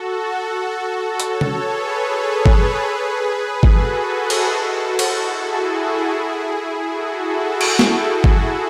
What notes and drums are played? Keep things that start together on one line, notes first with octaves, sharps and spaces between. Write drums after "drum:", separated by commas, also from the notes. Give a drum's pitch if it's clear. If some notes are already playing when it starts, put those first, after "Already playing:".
Already playing: F#4 A4
A4 C#5, drum: hi-hat
drum: tom
G#4 B4
G#4 B4
drum: kick G1
F#4 A4, drum: kick G1
drum: cymbal
drum: cymbal
E4 G#4
F#4 A4
drum: cymbal
drum: snare
drum: kick G1